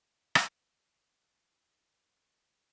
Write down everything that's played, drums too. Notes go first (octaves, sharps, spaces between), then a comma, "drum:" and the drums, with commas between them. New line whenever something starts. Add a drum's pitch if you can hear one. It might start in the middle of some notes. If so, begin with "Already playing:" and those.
Already playing: B2 D3
drum: rim click
C3 D#3